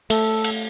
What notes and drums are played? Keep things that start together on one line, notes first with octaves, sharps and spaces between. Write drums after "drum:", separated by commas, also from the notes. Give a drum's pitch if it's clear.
A3 A4, drum: cymbal
drum: cymbal